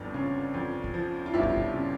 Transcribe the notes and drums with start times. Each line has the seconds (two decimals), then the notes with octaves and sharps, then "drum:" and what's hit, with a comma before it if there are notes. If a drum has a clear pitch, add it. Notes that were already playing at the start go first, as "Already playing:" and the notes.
Already playing: G1 F2 F3 D4
0.14 C#3
0.54 F2
0.84 drum: kick
0.94 F3
1.26 F4
1.34 G1 E4 G4
1.43 drum: kick
1.57 drum: kick
1.74 C#3